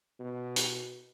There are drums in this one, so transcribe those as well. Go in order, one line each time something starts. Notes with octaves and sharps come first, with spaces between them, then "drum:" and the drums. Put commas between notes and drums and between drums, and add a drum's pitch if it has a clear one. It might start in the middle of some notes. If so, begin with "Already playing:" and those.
B2
drum: hi-hat